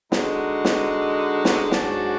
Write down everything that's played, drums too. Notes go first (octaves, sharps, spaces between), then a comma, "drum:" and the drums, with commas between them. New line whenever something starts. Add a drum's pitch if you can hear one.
D3 G#3 D#4 F#4, drum: snare
drum: snare
drum: snare
G#2 F#3 D4 F#4, drum: snare